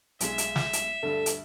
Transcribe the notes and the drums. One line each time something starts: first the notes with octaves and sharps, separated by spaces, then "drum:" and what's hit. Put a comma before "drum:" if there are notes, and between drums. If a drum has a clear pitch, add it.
B1 G#3 E5, drum: hi-hat
drum: hi-hat
drum: snare
drum: hi-hat
D2 G2 A4
drum: hi-hat